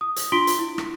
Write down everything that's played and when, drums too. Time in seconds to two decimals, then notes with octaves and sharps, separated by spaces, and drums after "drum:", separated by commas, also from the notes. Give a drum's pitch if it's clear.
0.01 D#6
0.16 drum: hi-hat
0.32 D4 F4 C6 B6 D7 G7
0.47 drum: hi-hat
0.59 E4
0.78 drum: rim click